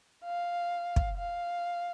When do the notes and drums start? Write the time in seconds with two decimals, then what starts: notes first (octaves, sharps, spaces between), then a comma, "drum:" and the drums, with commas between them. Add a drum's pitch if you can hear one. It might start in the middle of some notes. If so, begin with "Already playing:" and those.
0.25 F5
0.96 drum: kick
1.18 F5